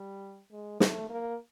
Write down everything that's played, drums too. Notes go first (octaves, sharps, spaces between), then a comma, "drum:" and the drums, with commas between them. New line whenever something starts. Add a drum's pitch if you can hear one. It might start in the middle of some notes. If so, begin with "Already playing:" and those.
Already playing: G3
G#3
A3, drum: snare
A#3